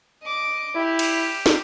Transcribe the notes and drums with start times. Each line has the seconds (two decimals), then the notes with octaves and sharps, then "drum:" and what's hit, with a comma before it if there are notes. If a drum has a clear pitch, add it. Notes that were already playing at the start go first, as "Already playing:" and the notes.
0.23 D#5 D6
0.76 E4 G4
0.99 drum: cymbal
1.46 drum: snare